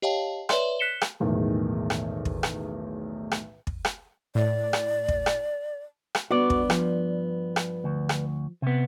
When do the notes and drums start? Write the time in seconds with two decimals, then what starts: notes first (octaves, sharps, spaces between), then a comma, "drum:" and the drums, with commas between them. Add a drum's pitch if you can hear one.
0.02 G4 C#5 D#5 F5 G5 A5
0.49 B4 C#5 D5 E5 C6, drum: rim click
0.79 F#6 B6 C#7 E7 G7
1.01 drum: rim click
1.20 B1 E2 A2 D#3 G#3
1.90 drum: rim click
2.25 drum: kick
2.43 drum: rim click
3.31 drum: rim click
3.67 drum: kick
3.85 drum: rim click
4.35 A2 D5
4.73 drum: rim click
5.08 drum: kick
5.26 drum: rim click
6.15 drum: rim click
6.31 G2 B3 F#4 D5
6.50 drum: kick
6.70 F3, drum: rim click
7.56 drum: rim click
7.84 D2
8.09 drum: rim click
8.62 C3 B3